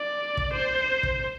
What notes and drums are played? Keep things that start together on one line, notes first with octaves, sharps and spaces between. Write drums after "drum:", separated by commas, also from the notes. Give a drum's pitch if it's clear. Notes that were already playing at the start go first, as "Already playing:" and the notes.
Already playing: D5
drum: kick
C5
drum: kick